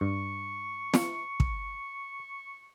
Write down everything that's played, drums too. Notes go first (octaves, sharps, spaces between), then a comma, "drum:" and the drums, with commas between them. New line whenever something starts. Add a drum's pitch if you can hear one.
G2 C#6
drum: snare
drum: kick